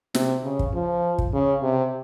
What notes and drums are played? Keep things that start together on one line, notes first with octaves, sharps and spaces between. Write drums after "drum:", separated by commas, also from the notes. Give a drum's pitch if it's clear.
C3, drum: snare
C#3
drum: kick
F3
drum: kick
C#3
C3